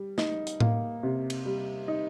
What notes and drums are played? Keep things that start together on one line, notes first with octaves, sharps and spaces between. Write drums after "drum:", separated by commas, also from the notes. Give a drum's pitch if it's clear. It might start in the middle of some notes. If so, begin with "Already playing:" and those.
Already playing: G3
D#4, drum: snare
drum: hi-hat
A#3, drum: tom A2
C3
drum: cymbal
G3
D#4